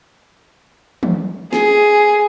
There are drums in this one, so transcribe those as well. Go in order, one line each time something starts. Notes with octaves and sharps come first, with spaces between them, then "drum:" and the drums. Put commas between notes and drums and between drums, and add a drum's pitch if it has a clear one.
drum: tom
G#4, drum: snare